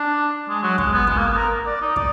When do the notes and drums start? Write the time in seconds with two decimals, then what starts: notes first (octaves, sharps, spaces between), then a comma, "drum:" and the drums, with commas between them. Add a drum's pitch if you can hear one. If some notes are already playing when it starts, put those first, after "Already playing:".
Already playing: D4
0.48 G#3
0.63 F#3
0.78 G#3, drum: kick
0.93 B3
1.07 G#3, drum: kick
1.17 A#3
1.27 B3
1.37 A#4
1.66 D5
1.81 D#4
1.96 D5, drum: kick